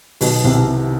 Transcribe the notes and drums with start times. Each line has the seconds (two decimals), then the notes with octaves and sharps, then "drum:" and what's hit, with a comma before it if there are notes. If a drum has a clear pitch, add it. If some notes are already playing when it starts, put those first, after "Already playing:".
0.21 B1 B2, drum: open hi-hat
0.44 C2 C3